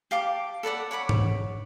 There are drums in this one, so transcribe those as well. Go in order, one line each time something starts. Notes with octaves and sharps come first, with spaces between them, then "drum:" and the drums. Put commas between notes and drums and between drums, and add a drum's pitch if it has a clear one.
G4 F5 A5 D6
A4 B4 D5 F#5
C#5 F#5 B5 D6
drum: tom G#2